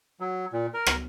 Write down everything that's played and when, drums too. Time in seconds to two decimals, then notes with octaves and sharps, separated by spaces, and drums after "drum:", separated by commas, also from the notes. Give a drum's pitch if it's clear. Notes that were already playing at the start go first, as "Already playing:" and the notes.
0.20 F#3
0.53 A#2
0.74 A#4
0.86 drum: rim click